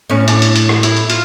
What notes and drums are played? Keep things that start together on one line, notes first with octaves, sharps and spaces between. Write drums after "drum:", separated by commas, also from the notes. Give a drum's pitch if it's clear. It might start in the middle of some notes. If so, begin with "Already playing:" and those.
A2 C#4
D4, drum: hi-hat
drum: hi-hat
drum: hi-hat
drum: rim click
E4, drum: hi-hat
drum: hi-hat
F4, drum: hi-hat